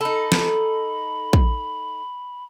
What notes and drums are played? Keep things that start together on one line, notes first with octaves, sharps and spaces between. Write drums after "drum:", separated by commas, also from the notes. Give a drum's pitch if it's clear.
D#4 A4 B5
drum: snare
drum: kick